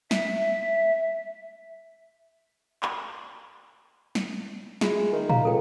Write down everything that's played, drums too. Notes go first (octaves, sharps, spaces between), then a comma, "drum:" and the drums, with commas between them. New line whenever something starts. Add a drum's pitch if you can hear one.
E5, drum: snare
drum: clap
drum: snare
G#3 F4 F#4 E5, drum: snare
D#3
F5 A#5, drum: tom A#2
C#2 A4 G5